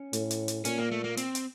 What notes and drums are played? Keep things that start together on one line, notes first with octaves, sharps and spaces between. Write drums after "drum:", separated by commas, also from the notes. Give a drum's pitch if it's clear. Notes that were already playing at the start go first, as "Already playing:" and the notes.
Already playing: C#4
A2, drum: hi-hat
drum: hi-hat
drum: hi-hat
A#2 C#4, drum: hi-hat
A#3
A3
A#3
C4, drum: hi-hat
drum: hi-hat